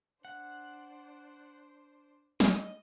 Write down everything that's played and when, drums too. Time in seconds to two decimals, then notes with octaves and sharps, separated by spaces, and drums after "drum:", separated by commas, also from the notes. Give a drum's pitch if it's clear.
0.25 D4 C5 F#5
2.40 D#5, drum: snare